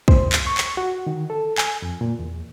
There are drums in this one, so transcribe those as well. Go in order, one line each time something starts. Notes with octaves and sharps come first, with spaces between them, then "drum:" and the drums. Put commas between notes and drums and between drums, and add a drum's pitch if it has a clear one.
C5, drum: kick
drum: clap
C#6
drum: clap
F#4
D#3
A4
G#5, drum: clap
F2
A#2
E2